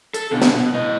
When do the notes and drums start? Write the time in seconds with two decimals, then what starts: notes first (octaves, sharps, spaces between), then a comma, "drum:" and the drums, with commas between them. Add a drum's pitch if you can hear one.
0.14 A4, drum: hi-hat
0.32 B2 D3
0.42 drum: snare
0.53 B2
0.73 A2 D#5